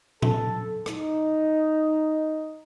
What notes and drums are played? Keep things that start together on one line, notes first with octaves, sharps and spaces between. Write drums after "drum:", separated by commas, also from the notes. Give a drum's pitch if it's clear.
A4, drum: tom A#2
D#4, drum: rim click